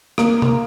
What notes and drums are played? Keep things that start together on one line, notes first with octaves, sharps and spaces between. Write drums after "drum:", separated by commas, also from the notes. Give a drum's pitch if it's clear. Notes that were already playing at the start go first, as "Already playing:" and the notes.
A#3, drum: rim click
drum: tom C3